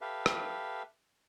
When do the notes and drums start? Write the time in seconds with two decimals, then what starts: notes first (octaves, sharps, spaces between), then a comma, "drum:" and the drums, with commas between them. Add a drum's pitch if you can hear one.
0.01 G4 A4 B4 E5 F5
0.26 drum: rim click